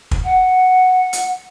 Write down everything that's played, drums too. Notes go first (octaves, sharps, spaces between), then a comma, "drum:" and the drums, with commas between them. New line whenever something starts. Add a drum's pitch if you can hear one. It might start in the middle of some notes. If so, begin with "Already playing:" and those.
drum: kick
F#5
drum: hi-hat